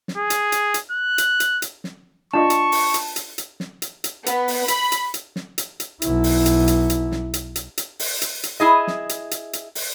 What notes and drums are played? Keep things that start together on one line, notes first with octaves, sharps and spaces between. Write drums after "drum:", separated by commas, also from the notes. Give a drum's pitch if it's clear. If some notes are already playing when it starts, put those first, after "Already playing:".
drum: snare
G#4
drum: hi-hat
drum: hi-hat
drum: hi-hat
F#6
drum: hi-hat
drum: hi-hat
drum: hi-hat
drum: snare
D4 F4 D#5 A5 C#6
drum: hi-hat
drum: open hi-hat
drum: hi-hat
drum: hi-hat
drum: hi-hat
drum: snare
drum: hi-hat
drum: hi-hat
B3, drum: hi-hat
drum: open hi-hat
B5, drum: hi-hat
drum: hi-hat
drum: hi-hat
drum: snare
drum: hi-hat
drum: hi-hat
B1 E4, drum: hi-hat
drum: open hi-hat
drum: hi-hat
drum: hi-hat
drum: hi-hat
drum: snare
drum: hi-hat
drum: hi-hat
drum: hi-hat
drum: open hi-hat
drum: hi-hat
drum: hi-hat
E4 G#4 D#5
drum: snare
drum: hi-hat
drum: hi-hat
drum: hi-hat
drum: open hi-hat